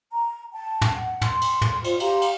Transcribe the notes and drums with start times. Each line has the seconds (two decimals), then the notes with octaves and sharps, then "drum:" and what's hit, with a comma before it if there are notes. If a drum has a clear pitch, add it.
0.11 A#5
0.53 G5 A5
0.81 drum: tom
0.93 F#5
1.21 C6, drum: tom
1.41 drum: cymbal
1.61 drum: tom
1.84 F4 C5, drum: cymbal
2.00 G4 F5 A#5 C6, drum: cymbal
2.21 drum: cymbal